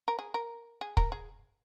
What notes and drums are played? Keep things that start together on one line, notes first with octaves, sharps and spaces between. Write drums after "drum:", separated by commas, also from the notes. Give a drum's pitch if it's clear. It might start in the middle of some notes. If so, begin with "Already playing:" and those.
A#4
G#4
A#4
G#4
A#4, drum: kick
G#4